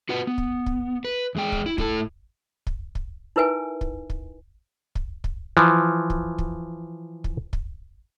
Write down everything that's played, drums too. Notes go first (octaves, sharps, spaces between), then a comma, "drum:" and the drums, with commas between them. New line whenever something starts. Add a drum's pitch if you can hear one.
F4 F#4 B4 F#5
B3
drum: kick
drum: kick
B4
E2 G#3 G5
drum: kick
E4
A2 E4 A4 A5, drum: kick
drum: kick
drum: kick
D#4 E4 A#4 B4 E5 G#5
drum: kick
drum: kick
drum: kick
drum: kick
E3 F3
drum: kick
drum: kick
drum: kick
drum: kick